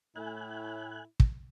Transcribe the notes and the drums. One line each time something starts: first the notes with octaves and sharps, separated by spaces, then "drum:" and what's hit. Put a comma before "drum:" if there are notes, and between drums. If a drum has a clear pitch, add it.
A2 E4 G#5 F#6
drum: kick